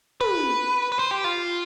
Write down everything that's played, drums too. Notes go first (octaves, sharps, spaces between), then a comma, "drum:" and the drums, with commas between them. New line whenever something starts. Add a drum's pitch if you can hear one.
B4, drum: tom
B4
C5
G4
F4